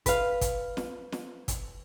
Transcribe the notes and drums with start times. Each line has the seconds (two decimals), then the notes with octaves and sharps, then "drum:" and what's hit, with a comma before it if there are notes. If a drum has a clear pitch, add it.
0.06 B4 F5, drum: kick, hi-hat
0.41 drum: kick, hi-hat
0.77 drum: snare
1.12 drum: snare
1.48 drum: kick, hi-hat